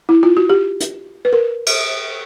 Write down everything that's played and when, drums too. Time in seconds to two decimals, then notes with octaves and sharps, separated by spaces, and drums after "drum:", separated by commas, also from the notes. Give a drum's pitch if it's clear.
0.09 E4
0.23 F4
0.37 F#4
0.49 G4
0.80 drum: hi-hat
1.25 B4
1.33 A#4
1.66 drum: cymbal